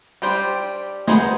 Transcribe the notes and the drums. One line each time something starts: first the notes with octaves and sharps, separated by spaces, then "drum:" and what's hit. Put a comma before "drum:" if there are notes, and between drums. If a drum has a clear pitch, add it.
G3 D4 G4 C5
B3 D#4 G#4 C5 D#5, drum: snare